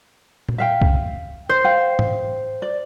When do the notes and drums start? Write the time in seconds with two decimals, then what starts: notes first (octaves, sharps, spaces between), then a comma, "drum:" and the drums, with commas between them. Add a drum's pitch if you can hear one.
0.49 drum: tom A#2
0.58 E5 F5 G5
0.81 drum: kick
1.49 C5
1.64 F5 G5
1.99 drum: tom G#2
2.62 D5